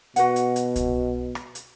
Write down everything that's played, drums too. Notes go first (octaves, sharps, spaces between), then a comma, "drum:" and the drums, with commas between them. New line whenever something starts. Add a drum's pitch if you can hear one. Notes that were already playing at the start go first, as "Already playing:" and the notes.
B2 F#4 B4 F#5, drum: hi-hat
drum: hi-hat
drum: hi-hat
drum: kick C2, hi-hat
drum: rim click
drum: hi-hat